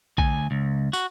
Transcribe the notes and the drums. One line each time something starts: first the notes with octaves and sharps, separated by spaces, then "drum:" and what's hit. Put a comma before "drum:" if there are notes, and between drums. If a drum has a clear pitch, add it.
D2 G#5, drum: kick A#1
C#2
F#4, drum: tambourine